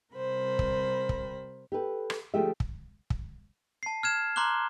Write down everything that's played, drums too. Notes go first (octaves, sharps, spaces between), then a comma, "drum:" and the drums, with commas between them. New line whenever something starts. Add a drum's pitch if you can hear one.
C3 G3 A#4 C5 B5
drum: kick
drum: kick
G4 A4 B4
drum: rim click
D3 F3 A3 G4 G#4 E5
drum: kick
drum: kick
A5 C7
F6 G#6 E7
A#5 C6 D6 F#6 G7